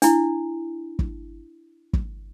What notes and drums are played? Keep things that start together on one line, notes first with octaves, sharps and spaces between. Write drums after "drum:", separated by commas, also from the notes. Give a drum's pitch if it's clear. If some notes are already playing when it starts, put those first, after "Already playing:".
D4 E4, drum: hi-hat
drum: kick
drum: kick